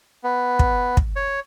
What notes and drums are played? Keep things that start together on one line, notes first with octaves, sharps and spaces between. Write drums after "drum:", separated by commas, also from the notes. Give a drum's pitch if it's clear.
B3
drum: kick
drum: kick
C#5